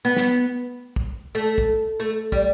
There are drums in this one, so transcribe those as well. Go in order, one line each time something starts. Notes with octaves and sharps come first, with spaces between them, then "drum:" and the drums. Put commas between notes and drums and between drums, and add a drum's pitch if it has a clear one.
B3
drum: snare
drum: kick
A3
drum: kick
A3
G3, drum: kick